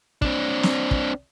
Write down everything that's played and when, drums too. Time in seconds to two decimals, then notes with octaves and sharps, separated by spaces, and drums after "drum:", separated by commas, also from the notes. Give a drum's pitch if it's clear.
0.22 C4 D4, drum: kick
0.63 drum: snare
0.91 drum: kick